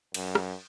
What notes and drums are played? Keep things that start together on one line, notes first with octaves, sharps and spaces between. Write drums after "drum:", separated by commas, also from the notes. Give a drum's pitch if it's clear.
F#2, drum: cymbal
drum: rim click